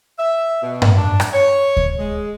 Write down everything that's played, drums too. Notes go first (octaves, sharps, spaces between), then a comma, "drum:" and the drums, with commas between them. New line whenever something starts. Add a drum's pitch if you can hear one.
E5
B2
drum: tom G2
D4
drum: rim click
C#5
drum: kick D2
G#3